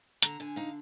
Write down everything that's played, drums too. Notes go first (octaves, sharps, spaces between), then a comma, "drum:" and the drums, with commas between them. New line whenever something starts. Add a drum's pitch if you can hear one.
D3 A#5, drum: hi-hat
D3 G#5
D#4 F5